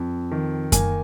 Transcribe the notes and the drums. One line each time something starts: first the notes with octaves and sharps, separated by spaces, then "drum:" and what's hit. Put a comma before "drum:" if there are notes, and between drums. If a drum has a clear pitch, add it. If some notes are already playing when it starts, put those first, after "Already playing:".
Already playing: F2
D#3
A#3 G#5, drum: kick F#2, hi-hat